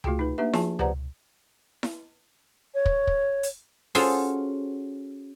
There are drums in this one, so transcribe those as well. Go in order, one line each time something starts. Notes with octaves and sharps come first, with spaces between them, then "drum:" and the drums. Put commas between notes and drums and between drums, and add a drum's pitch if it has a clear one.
A3 F4 F#4 G#4 G5, drum: tom C#2
D#4 B4
A#3 D4 G4 B4 E5
F3 F4 G#4 G#5 A5, drum: snare E4
G4 B4 C5 D5 F#5 A#5, drum: tom C#2
drum: snare E4
C#5
drum: kick
drum: kick
drum: hi-hat
C#4 F4 F#4 G#4 A4 C5, drum: open hi-hat